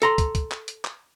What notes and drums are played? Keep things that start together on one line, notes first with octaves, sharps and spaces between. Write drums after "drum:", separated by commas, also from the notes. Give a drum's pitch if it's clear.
A4 A#5 C6, drum: hi-hat
drum: kick, hi-hat
drum: kick, hi-hat
drum: clap
drum: hi-hat
drum: clap